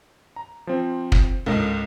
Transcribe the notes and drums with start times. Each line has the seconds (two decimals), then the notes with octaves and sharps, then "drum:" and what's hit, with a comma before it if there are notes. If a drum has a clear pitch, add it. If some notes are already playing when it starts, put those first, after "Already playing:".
0.36 A#5
0.67 F3 C4
1.12 drum: kick
1.46 C#2 G#2 A4 A#4 D#5